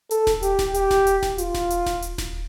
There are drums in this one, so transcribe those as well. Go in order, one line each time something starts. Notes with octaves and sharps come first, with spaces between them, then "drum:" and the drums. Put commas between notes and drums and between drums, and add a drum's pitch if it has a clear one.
A4, drum: hi-hat
drum: snare D#1
G4, drum: hi-hat
drum: snare D#1
G4, drum: hi-hat
drum: snare D#1
drum: hi-hat
drum: snare D#1
F4, drum: hi-hat
drum: snare D#1
drum: hi-hat
drum: snare D#1
drum: hi-hat
drum: snare D#1